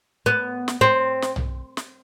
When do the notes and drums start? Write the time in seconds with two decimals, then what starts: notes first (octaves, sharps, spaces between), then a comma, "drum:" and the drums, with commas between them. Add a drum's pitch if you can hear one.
0.26 B3
0.68 drum: snare
0.81 C4
1.22 drum: snare
1.36 drum: tom
1.77 drum: snare